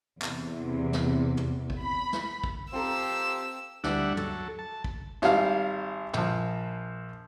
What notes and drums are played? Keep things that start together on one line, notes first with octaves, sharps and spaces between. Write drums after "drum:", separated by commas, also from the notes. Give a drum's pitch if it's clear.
E2 C3, drum: clap
drum: snare
drum: tom
drum: kick
B5
drum: snare
drum: kick
C4 F4 G4 A4 C5 A#5 E6
D2 G3 D4 E5 F#5, drum: snare
F#3 A4, drum: tom
A5
drum: kick
G#1 G3 F5, drum: snare
A#1 F3, drum: tom